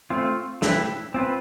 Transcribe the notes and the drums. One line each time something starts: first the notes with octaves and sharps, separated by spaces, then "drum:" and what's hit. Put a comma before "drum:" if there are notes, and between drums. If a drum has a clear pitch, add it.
A3 C4 F4
A3 E4 G4 B4, drum: snare
C4 F4 B4